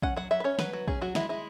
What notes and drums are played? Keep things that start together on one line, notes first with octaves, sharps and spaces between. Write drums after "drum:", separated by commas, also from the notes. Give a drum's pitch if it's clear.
C#4 F#5, drum: kick
F#3 F#5
F#3 E5
B4
C#4 C#5
F#3 B4, drum: snare
F#3
C#4 G#4, drum: kick
F#3 F#4
G#3 E4, drum: snare
G#3 E4